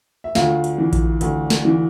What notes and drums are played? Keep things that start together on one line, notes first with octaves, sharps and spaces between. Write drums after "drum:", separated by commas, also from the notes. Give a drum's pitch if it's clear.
E5
D2 F4 F5, drum: snare
drum: hi-hat
E3
drum: kick A#1, hi-hat
D2, drum: hi-hat
drum: snare
E3